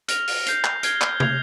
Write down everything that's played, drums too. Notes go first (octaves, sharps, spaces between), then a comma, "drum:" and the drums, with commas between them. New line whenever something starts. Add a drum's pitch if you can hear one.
F6 A#6 F7, drum: hi-hat
drum: open hi-hat
G6 C7 F7, drum: hi-hat
drum: clap
F6 G#6 C7 G7, drum: hi-hat
drum: clap
G#6 C7 F7, drum: tom